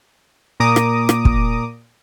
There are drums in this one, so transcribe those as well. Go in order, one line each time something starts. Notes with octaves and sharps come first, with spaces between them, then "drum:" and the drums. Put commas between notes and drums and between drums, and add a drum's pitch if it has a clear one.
A#2 A#5 D6 D#6
drum: rim click
drum: rim click
drum: kick